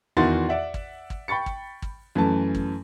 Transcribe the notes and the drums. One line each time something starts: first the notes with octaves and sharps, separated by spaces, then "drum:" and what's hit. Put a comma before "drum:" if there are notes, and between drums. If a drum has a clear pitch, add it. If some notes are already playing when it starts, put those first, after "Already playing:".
E2 D#3 E4 F#4 C6 A6
D5 E5 F#5
drum: kick G#1
drum: kick G#1
G5 B5 C#6 A6 C#7
drum: kick G#1
drum: kick G#1
F#2 E3 A3 A5
drum: kick G#1